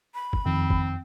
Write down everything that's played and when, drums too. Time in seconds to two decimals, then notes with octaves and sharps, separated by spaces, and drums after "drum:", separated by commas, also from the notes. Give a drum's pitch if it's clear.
0.15 B5
0.33 drum: kick
0.46 F2 D#3 C4
0.70 drum: kick